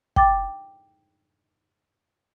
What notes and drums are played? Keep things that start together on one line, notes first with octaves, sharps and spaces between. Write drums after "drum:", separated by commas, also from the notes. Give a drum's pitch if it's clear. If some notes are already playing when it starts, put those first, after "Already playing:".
G5 D6 A6, drum: kick